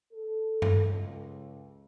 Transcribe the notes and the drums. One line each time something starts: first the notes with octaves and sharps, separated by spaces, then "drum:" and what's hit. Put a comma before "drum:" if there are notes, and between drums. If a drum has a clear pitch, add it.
A4
drum: tom G2
C#2